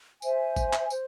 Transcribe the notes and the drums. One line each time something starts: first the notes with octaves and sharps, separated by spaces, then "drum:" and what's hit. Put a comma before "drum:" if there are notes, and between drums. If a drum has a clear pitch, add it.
C5 E5 G#5, drum: tambourine
drum: kick G#1, tambourine
drum: clap
C5, drum: tambourine